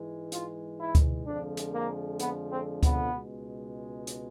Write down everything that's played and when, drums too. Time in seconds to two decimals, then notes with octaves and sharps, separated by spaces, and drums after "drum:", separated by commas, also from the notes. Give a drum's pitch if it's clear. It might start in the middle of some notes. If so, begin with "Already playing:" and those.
Already playing: G#2 E3 G#3
0.32 F4, drum: hi-hat
0.79 E4
0.95 drum: kick D2, hi-hat
1.26 F2 D3 F3 G#3 D4
1.57 drum: hi-hat
1.73 A#3
2.20 B3, drum: hi-hat
2.51 C4
2.83 B3, drum: kick D2, hi-hat
3.13 C#2 B2 G#3
4.07 drum: hi-hat